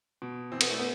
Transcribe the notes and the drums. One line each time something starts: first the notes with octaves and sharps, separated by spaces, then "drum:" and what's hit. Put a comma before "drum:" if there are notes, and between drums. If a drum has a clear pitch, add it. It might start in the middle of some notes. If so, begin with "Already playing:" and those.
B2
E3 C4
B3, drum: cymbal
A3
B3